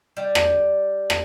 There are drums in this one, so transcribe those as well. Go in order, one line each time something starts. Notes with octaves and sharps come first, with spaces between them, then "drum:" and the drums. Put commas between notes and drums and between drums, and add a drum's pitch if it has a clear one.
G3
drum: rim click
drum: rim click